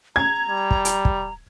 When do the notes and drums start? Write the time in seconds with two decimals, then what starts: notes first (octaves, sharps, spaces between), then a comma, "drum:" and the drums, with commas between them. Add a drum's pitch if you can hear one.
0.16 A#5 G#6
0.49 G3
0.71 drum: kick
0.85 drum: hi-hat
1.05 drum: kick